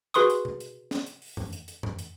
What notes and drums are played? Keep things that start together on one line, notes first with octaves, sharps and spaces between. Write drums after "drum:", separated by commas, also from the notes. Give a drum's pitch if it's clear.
F#4 G#4 B4 C6 C#6 D#6, drum: hi-hat
drum: hi-hat
drum: tom B2
drum: hi-hat
drum: snare
drum: hi-hat
drum: open hi-hat
drum: tom F#2
drum: hi-hat
drum: hi-hat
drum: tom F#2
drum: hi-hat